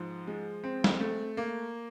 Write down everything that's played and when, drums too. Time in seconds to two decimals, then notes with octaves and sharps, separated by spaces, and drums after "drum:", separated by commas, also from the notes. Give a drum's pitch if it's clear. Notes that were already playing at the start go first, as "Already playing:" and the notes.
Already playing: G#2 F3
0.27 G#3
0.64 C4
0.84 drum: snare
1.01 A3
1.37 A#3